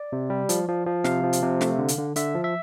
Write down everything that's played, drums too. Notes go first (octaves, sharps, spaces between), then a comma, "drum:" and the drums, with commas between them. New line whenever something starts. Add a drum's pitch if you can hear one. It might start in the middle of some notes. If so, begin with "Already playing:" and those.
Already playing: D5
C3
G3
F3, drum: hi-hat
F3
F3
C3 F5, drum: snare
F3
drum: hi-hat
C3
A3, drum: snare
D3
drum: hi-hat
D3
D3 E5, drum: hi-hat
F3
E5